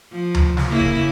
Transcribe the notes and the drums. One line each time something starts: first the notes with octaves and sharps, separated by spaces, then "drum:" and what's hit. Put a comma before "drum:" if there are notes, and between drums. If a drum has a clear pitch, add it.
F3
drum: tom D2
drum: snare
C#3 A#3 E4
drum: kick D#1